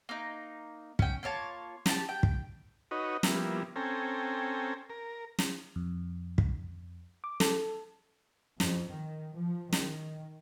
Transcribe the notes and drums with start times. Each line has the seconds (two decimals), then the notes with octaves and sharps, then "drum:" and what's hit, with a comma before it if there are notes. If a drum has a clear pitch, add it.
0.09 A#3 D#4
0.99 C#4 G5, drum: kick
1.23 A#3 F4 C#5 A5
1.86 G4 A5, drum: snare
2.09 G5
2.23 drum: kick
2.91 D#4 F#4 B4 C#5 D#5
3.23 F3 G3 A#3 B3 E4, drum: snare
3.76 C4 C#4 A4 G5 G#5 A#5
4.90 A#4
5.39 drum: snare
5.76 F2
6.38 drum: kick
7.24 D6
7.40 A4, drum: snare
8.60 F2, drum: snare
8.89 D#3
9.35 F3
9.72 D#3, drum: snare